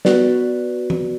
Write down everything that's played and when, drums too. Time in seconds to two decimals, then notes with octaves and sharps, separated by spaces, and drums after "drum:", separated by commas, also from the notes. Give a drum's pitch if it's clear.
0.05 B3 F#4 B4 D5, drum: snare
0.90 drum: tom E3